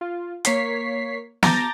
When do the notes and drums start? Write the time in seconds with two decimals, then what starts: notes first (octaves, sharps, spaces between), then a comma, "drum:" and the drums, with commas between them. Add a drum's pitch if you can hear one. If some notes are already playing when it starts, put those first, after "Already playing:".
0.01 F4
0.45 A#3 C#5 B6 C7, drum: hi-hat
1.43 A5 A#5 D6 G6 A6 A#6, drum: snare